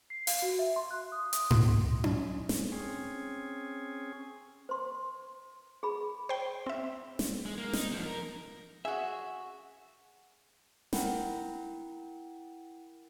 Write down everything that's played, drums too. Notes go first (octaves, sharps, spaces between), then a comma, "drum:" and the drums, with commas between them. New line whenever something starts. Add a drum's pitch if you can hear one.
C7
F5, drum: open hi-hat
F#4
E5
C6
F#6
D#6
D#6, drum: hi-hat
C6, drum: tom G#2
drum: tom C#4
drum: snare
C4 C#4 G#4
C5 C6
G#4 B5
C5 G5
C4 E5
drum: snare
G#3
A#3
D#4, drum: snare
E2 F3
A#4
C#4 F#4 G#4 E5
E4 A#4 F#5 G5 B5, drum: snare